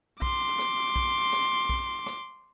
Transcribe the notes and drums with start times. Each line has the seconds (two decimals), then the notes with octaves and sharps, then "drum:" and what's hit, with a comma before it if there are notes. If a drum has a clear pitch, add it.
0.22 C6 D6, drum: kick B1
0.59 drum: rim click
0.96 drum: kick B1
1.33 drum: rim click
1.69 drum: kick B1
2.06 drum: rim click